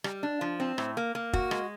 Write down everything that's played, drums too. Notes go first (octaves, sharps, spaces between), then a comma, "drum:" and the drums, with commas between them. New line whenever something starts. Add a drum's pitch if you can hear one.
G3, drum: rim click
D4
F3
C4
A2, drum: rim click
A#3
A#3
F#4, drum: kick
G#3, drum: rim click